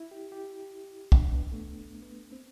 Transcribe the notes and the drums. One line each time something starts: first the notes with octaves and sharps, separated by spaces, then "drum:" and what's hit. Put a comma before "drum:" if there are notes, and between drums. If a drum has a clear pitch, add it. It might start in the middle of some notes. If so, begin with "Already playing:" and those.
Already playing: E4
G4
G4
D4, drum: kick
B3
A3
B3
C4